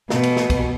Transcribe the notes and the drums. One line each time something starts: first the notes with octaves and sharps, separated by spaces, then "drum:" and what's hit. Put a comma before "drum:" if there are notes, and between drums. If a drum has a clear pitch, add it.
B2, drum: snare
drum: cymbal
drum: snare
drum: kick, cymbal